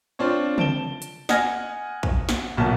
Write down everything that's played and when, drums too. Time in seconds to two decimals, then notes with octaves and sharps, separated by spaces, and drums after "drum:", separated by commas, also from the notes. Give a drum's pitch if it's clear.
0.19 C4 D4 F4 C#5
0.58 A5 D7 E7 G7, drum: tom
1.02 drum: hi-hat
1.29 D#5 F#5 G#5 F6 G#6 A#6, drum: snare
2.03 drum: kick
2.29 drum: snare
2.57 B1 A#2 F#4 A5